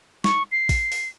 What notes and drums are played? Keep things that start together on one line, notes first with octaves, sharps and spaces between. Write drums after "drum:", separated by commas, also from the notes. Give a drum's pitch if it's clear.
C#6, drum: snare
C7
drum: kick, open hi-hat
drum: open hi-hat